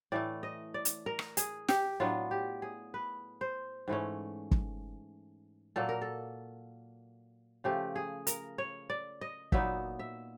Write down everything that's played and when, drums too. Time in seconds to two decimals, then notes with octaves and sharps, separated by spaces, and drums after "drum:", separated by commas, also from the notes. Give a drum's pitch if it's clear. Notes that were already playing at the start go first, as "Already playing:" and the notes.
0.12 A2 E3 A3 D5
0.43 D#5
0.74 D5
0.85 drum: hi-hat
1.06 A#4
1.19 drum: rim click
1.37 G#4, drum: hi-hat
1.68 G4, drum: snare
2.00 A2 F#3 B3 D4 F4
2.31 G4
2.62 G#4
2.94 B4
3.41 C5
3.88 G#2 E3 A3 C#4
4.51 drum: kick
5.76 A#2 F#3 A#3 A4
5.89 A#4
6.02 A4
7.64 C#3 F3 A3 G4
7.96 G#4
8.27 A#4, drum: hi-hat
8.58 C#5
8.90 D5
9.21 D#5
9.52 A#2 F#3 B3 D#4 E5, drum: kick
9.99 E5